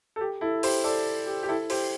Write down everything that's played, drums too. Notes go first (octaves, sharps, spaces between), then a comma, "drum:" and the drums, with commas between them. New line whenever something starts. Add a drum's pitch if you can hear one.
A4
G4
E4 A4
G4 C5, drum: open hi-hat
A4 D5
G4
G4
E4 A4
G4 C5, drum: open hi-hat